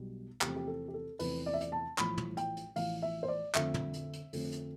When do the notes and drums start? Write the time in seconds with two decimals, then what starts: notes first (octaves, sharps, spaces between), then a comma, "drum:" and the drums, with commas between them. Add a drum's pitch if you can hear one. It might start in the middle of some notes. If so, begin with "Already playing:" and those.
Already playing: B1 B2 G3
0.41 E2 C3 F3 A3 C4 G4, drum: clap
0.56 G4
0.67 A4
0.88 G4
0.94 A4
1.19 E2 C3 F3 A3 C4 B4, drum: open hi-hat
1.46 D5
1.54 E5
1.61 D5, drum: hi-hat
1.72 A5
1.98 A1 A2 F3 B5, drum: clap
2.18 drum: tom
2.37 G5, drum: hi-hat
2.57 drum: hi-hat
2.76 A1 A2 F3 F5, drum: open hi-hat
3.02 E5
3.23 C5
3.28 D5
3.55 F2 D3 A3 C4 E5, drum: clap
3.74 drum: tom
3.94 drum: hi-hat
4.13 drum: hi-hat
4.33 F2 D3 A3 C4, drum: open hi-hat
4.52 drum: hi-hat